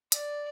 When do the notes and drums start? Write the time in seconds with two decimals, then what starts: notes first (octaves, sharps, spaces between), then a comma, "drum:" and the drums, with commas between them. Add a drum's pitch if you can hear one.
0.12 D5, drum: hi-hat